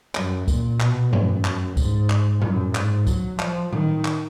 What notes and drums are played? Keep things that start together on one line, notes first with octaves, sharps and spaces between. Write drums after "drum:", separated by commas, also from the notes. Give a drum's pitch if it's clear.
F#2, drum: clap
A#2, drum: kick C#2, tambourine
B2, drum: clap
F#2, drum: tom G2
drum: clap
G#2, drum: kick C#2, tambourine
drum: clap
F#2, drum: tom A2
G#2, drum: clap
F#3, drum: kick C#2, tambourine
F3, drum: clap
D#3, drum: tom A2
drum: clap